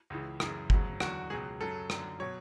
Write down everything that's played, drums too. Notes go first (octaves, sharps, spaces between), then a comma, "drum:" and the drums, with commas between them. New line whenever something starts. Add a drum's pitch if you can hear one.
C#2 C#3 E3
F#2 C#3 E3, drum: rim click
D2 C#3 F#3, drum: kick G1
E2 D3 F#3 F#4, drum: rim click
C#2 B2 F#3 G#4
F#2 C#3 F#3 A4
F#2 D3 F#3, drum: rim click
B2 F#3 C#5